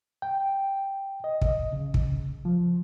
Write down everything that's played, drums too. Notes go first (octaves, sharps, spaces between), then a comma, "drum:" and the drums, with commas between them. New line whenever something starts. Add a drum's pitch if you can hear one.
G5
D#5
drum: kick
C#3
drum: kick
F3